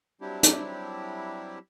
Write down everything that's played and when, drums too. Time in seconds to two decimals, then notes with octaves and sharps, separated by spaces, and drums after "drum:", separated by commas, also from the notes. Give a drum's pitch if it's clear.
0.21 F#3 G3 C4 D4 E4 G4
0.43 drum: hi-hat